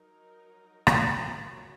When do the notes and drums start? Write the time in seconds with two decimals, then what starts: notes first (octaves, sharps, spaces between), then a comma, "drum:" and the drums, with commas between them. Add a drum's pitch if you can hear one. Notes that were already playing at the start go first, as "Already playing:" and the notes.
Already playing: F#3 D#4 A#4
0.87 drum: rim click
1.00 F#3 A#3 F#4 C#5